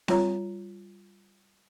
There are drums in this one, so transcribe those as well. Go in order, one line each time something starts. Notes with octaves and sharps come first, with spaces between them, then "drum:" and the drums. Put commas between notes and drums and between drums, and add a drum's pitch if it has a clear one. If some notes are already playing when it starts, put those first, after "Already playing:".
G3 F4 C#5 A#5, drum: snare C4